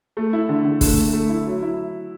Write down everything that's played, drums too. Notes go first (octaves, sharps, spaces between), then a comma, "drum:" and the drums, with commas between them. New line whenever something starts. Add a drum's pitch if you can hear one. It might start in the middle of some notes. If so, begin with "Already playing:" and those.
A3
E4
D3
D3
A3, drum: kick, open hi-hat
A3
A3
E4
F#3
E4